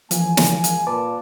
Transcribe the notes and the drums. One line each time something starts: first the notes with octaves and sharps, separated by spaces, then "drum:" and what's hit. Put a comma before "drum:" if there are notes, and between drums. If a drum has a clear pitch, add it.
C#2 E3 F3 A#3 G#5, drum: hi-hat
drum: snare
drum: hi-hat
A#2 B4 A5 D6